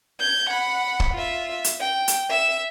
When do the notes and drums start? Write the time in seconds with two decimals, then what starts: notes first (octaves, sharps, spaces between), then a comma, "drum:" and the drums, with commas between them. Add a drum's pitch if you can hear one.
0.20 G6 G#6
0.49 F#5 B5
1.00 drum: kick
1.14 F4 E5
1.64 drum: hi-hat
1.80 G5
2.08 drum: hi-hat
2.29 E5 E7